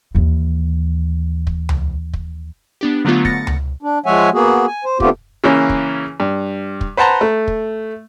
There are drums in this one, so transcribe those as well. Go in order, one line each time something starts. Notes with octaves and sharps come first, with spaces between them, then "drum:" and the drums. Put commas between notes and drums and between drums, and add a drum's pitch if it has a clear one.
D#2 E3
drum: kick
drum: tom C#2
drum: kick
B3 D4 G4
D3 F#3 A3 B3 F4
A6 A#6 C#7, drum: kick
drum: tom C#2
D4
F3 G#3 C#5 E5 F#5 G#5
A#3 B3 F#4 G#4
G#5
C5
D3 A3 B3 C4 F4 G4, drum: kick
C#3 E3 A#3 C#4
drum: kick
G2
drum: kick
B4 C5 F#5 A5 A#5 C6
A3
drum: kick